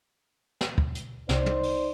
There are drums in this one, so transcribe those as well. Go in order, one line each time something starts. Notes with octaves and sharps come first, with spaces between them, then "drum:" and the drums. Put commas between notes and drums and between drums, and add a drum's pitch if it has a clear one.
drum: snare
drum: kick
drum: hi-hat
C2 C3 D#4 C5 D5, drum: snare
drum: tom
drum: open hi-hat